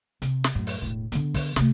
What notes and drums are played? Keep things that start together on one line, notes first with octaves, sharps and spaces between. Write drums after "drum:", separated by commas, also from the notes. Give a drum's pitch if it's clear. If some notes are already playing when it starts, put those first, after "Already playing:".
C3, drum: hi-hat
drum: snare
F#2 A2
drum: open hi-hat
E1 A2
D3 B3, drum: hi-hat
drum: kick, open hi-hat
C3 A3, drum: snare